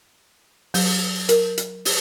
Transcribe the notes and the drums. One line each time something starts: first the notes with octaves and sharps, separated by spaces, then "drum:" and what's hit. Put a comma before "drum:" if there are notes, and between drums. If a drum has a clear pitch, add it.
F#3, drum: open hi-hat
A#4, drum: hi-hat
drum: hi-hat
drum: open hi-hat